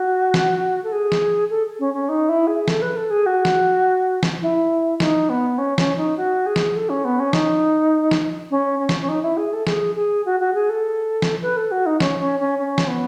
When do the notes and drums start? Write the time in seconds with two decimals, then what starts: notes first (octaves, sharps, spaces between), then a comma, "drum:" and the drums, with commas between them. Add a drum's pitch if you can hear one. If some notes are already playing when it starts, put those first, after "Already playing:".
Already playing: F#4
0.34 drum: snare
0.84 A4
0.92 G#4
1.12 drum: snare
1.50 A4
1.79 C#4
1.94 C#4
2.09 D#4
2.29 E4
2.47 G#4
2.68 A4, drum: snare
2.82 B4
2.97 A4
3.10 G#4
3.26 F#4
3.45 drum: snare
4.23 drum: snare
4.42 E4
5.00 D#4, drum: snare
5.29 B3
5.58 C#4
5.78 C#4, drum: snare
5.97 D#4
6.17 F#4
6.46 G#4
6.56 drum: snare
6.76 A4
6.89 C#4
7.05 B3
7.19 C#4
7.33 D#4, drum: snare
8.11 drum: snare
8.51 C#4
8.79 C#4
8.89 drum: snare
9.01 C#4
9.09 D#4
9.23 E4
9.37 G#4
9.53 A4
9.67 G#4, drum: snare
9.95 G#4
10.26 F#4
10.40 F#4
10.54 G#4
10.69 A4
11.22 drum: snare
11.42 B4
11.57 A4
11.71 F#4
11.86 D#4
12.00 C#4, drum: snare
12.20 C#4
12.40 C#4
12.59 C#4
12.78 drum: snare
12.87 B3